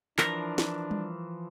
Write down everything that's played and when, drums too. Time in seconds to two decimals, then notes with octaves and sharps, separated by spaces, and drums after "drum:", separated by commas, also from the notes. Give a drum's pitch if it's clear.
0.18 E3 F3 D4 A#4, drum: clap
0.58 drum: snare
0.91 drum: tom G3